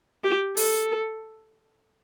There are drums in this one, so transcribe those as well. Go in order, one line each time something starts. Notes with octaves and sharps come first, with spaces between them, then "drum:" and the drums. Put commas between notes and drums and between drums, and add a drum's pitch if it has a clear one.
G4
A4, drum: open hi-hat